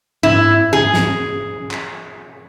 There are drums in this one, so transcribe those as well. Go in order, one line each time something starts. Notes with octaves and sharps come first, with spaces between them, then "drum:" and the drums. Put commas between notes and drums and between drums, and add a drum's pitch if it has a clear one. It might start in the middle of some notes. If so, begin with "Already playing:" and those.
E4, drum: tom G#2
G#4, drum: tom G#2
drum: snare
drum: clap